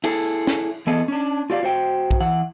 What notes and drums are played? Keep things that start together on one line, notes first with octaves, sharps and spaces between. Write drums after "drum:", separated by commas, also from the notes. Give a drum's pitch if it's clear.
E4 G#4 A4, drum: cymbal
drum: snare
E3 B3 G#4 A4 D#5
C#4 D4
F4 G4 D5 F5
F#4 C5 G5
drum: kick
E3 F#5